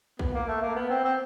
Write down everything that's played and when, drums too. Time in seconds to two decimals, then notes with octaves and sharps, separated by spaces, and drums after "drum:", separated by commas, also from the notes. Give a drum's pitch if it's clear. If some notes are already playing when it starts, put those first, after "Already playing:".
0.19 B3, drum: kick A#1
0.34 A#3
0.48 A3
0.61 A#3
0.75 B3
0.90 C4
1.04 C4